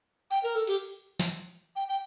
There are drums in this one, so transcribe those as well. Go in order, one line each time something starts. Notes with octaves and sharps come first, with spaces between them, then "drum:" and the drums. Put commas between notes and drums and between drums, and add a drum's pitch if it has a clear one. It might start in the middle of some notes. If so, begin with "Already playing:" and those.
G5, drum: tambourine
A#4
A4
G4, drum: open hi-hat
drum: snare
G5
G5